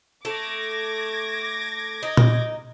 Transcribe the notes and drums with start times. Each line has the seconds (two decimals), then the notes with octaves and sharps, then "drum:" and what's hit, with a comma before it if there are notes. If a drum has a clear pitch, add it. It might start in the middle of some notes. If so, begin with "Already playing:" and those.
0.25 A3 D6 G#6 A#6
2.03 D#4
2.17 drum: tom A#2